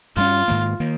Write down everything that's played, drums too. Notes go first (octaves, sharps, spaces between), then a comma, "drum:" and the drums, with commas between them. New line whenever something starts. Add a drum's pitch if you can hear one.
G2 G3 C#4 F4, drum: hi-hat
G#2 D#3 A#3, drum: hi-hat
D#3 A#3